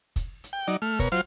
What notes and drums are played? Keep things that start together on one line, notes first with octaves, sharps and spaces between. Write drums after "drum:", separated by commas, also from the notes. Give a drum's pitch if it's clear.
drum: kick, hi-hat
drum: hi-hat
G5
F#3 D#4 D5
A3 F6
B2 A#4 C#5, drum: kick, hi-hat
F#3 F4 C5 F6